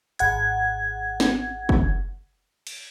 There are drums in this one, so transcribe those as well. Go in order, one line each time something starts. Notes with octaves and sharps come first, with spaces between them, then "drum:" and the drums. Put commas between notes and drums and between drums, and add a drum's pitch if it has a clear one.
G#1 F#5 G#6, drum: hi-hat
drum: snare
drum: kick
drum: cymbal